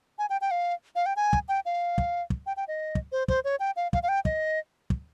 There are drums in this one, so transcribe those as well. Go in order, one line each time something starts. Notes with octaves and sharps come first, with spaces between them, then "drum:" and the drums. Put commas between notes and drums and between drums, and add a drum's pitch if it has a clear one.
G#5
G5
G5
F5
F5
G5
G#5
drum: kick
G5
F5
drum: kick
drum: kick
G5
G5
D#5
drum: kick
C5
C5, drum: kick
C#5
G5
F5
F5, drum: kick
F5
G5
D#5, drum: kick
drum: kick